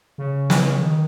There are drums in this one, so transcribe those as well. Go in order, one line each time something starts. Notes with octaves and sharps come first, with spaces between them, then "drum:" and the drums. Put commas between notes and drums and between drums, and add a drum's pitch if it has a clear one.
C#3
drum: snare
D#3